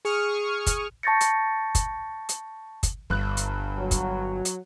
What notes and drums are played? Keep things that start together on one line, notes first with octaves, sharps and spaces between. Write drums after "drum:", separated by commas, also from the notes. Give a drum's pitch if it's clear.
G#4 C#6 D#6 F6
drum: kick, hi-hat
A5 C#6 G6 A6 A#6 C#7
drum: hi-hat
drum: kick, hi-hat
drum: hi-hat
drum: kick, hi-hat
G1 G2 F#6
drum: hi-hat
F#3
drum: kick, hi-hat
drum: hi-hat